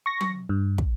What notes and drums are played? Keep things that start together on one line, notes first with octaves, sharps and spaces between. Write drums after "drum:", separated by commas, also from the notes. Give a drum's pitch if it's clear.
C#6 A#6
drum: tom F#3
G2
drum: kick